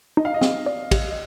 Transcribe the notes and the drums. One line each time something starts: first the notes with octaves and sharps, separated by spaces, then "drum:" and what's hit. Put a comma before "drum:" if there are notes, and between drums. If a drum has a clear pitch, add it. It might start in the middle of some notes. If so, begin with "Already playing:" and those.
D#4 D#5
F5
D#5
C4, drum: snare
D5
G4, drum: kick, cymbal
D#5